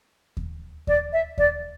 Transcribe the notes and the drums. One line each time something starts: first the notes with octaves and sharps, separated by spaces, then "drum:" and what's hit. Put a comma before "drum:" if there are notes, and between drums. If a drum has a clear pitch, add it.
drum: kick D#2
D5, drum: kick D#2
E5
D5, drum: kick D#2